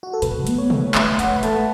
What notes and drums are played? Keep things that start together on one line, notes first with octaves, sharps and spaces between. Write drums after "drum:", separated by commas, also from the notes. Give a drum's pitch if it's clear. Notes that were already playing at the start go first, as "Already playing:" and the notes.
F#4
A4
B2 B4, drum: hi-hat
B3, drum: hi-hat
C#5
A3, drum: tom
A3 E5, drum: clap
A3 F#5, drum: hi-hat
F#3 B5
A3 A5, drum: hi-hat